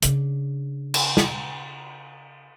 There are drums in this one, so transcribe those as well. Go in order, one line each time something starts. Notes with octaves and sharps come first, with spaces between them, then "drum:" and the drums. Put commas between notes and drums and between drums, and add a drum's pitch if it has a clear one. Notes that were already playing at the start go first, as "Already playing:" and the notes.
C#3 D4, drum: hi-hat
drum: cymbal
drum: snare